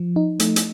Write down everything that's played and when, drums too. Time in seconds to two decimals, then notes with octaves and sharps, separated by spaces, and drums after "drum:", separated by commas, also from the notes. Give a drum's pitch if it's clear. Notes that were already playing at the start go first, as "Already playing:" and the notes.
Already playing: F3
0.16 D#4
0.40 A3, drum: hi-hat
0.56 drum: hi-hat